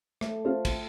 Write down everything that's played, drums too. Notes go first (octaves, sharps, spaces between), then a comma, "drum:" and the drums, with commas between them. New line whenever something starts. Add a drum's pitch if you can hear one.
A3, drum: rim click
F4 C5
drum: kick, cymbal